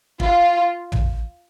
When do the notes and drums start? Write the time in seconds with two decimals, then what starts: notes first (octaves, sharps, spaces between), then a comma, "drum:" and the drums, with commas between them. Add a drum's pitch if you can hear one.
0.20 F4, drum: kick
0.92 drum: tom